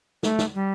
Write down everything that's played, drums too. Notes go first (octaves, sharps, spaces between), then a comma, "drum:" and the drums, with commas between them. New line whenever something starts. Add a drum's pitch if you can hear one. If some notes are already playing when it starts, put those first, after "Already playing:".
A3, drum: snare
drum: snare
G3